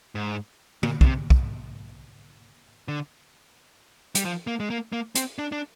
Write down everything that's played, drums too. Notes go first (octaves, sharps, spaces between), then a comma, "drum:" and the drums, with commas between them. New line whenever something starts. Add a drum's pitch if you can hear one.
G#2
A#2, drum: tom D3
D3, drum: kick
C3
drum: kick
D3
G3, drum: hi-hat
F3
A#3
G#3
A#3
A#3
C4, drum: hi-hat
D4
D4